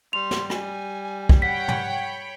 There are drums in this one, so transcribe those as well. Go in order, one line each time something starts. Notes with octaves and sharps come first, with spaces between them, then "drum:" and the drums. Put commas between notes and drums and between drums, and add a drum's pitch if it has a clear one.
G3 C6 F7
drum: snare
G#5, drum: rim click
drum: kick
C#5 F#5 G5 B5 B6
drum: tom